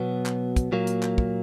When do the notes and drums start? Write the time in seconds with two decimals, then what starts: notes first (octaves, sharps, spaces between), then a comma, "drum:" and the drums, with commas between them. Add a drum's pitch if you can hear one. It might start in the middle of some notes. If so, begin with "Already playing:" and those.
Already playing: B2 F#3 B3
0.26 drum: clap
0.56 drum: kick, hi-hat
0.72 A#2 F#3 A#3
0.87 drum: hi-hat
1.03 drum: clap
1.18 drum: kick